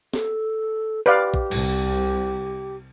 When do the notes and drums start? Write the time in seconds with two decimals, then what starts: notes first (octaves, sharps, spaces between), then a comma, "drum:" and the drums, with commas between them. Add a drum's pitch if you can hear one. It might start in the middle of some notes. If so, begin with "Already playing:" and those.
0.14 A4, drum: snare
1.06 G4 B4 D5 F5
1.34 drum: kick
1.51 C2, drum: cymbal